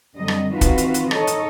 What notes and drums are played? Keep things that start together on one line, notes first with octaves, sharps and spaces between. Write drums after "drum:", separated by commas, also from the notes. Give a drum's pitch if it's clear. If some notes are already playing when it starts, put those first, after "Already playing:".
F#2 D3 F#3 G3 C4 D#5
drum: rim click
D#3 E3 C4 F4 F#4 B4
drum: kick, hi-hat
drum: hi-hat
drum: hi-hat
D#4 A4 C#5 D#5, drum: rim click
drum: hi-hat